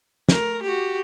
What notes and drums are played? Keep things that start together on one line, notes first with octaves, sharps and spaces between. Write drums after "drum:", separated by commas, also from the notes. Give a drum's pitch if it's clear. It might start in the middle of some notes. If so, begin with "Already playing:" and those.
A3 A#4, drum: snare
F#4 G4